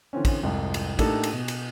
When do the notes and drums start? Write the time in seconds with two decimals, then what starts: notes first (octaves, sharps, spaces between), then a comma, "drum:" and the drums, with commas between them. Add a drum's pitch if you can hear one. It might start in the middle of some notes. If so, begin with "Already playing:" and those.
0.13 D3 E3 C4 C#4
0.25 drum: kick, cymbal
0.43 C2 F2 G#2
0.74 drum: cymbal
0.99 A2 A#3 D4 D#4 G4 A4, drum: kick, cymbal
1.24 drum: cymbal
1.33 B2
1.48 drum: cymbal